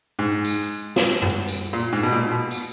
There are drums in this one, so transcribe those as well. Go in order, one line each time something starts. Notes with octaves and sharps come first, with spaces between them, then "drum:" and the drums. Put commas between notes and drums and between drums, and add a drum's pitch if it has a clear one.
G#2
drum: tambourine
drum: snare
drum: tom F#2
drum: tambourine
A#2
G#2
B2
A#2
B2
drum: tambourine